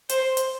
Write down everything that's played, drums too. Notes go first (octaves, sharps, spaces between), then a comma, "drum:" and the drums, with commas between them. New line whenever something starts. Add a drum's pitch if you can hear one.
C5, drum: hi-hat
drum: hi-hat